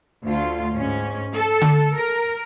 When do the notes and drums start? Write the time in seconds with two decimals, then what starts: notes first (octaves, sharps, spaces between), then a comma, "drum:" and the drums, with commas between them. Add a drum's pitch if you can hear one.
0.24 D2 F4
0.75 G#2 C#4
1.34 A4
1.61 drum: tom D3
1.93 A#4